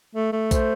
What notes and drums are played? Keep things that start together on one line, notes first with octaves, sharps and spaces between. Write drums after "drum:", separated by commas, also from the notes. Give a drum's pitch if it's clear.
A3
A3
C5, drum: kick A#1, tambourine